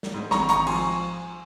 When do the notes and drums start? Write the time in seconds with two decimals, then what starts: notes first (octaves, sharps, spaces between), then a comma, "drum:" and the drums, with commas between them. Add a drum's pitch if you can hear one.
0.03 drum: snare
0.14 G#2
0.31 G#1 A#5 C#6, drum: snare
0.49 G#1 A#5 C#6, drum: hi-hat
0.60 C#6
0.67 F3 G#5 C6, drum: cymbal